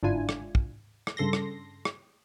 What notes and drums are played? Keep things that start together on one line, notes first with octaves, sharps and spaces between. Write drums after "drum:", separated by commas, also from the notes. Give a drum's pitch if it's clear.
G1 G#2 D4 E4 F4 G#5
drum: rim click
drum: kick
drum: rim click
G2 C#3 A4 C6 A#6
drum: rim click
drum: rim click